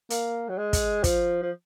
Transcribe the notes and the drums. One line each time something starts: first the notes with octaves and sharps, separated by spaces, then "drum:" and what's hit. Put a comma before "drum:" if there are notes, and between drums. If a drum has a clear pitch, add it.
A#3, drum: hi-hat
F#3
G#3
drum: kick, hi-hat
F3, drum: kick, hi-hat
F3